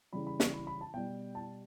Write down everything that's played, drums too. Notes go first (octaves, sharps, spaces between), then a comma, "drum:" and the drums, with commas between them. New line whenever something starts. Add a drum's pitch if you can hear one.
C#3 E3 G3 B5
B5
C#6, drum: snare
B5
B5
A5
B2 G3 G5
A5